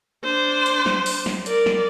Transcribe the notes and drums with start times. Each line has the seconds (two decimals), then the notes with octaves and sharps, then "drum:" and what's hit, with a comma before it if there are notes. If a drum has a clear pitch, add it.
0.24 D4 C5
0.66 drum: hi-hat
0.86 drum: snare
1.06 drum: open hi-hat
1.26 drum: snare
1.46 A#4 D5, drum: hi-hat
1.66 drum: snare